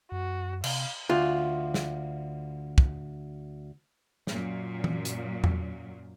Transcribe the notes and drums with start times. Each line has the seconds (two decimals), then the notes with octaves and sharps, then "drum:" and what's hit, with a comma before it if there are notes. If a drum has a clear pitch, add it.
0.12 F#2 F#4
0.64 C3 F5, drum: cymbal
1.09 D2 F4
1.74 drum: snare
2.78 drum: kick
4.27 F#2 A#2 F#3, drum: snare
4.84 drum: tom E3
5.05 drum: hi-hat
5.44 drum: tom E2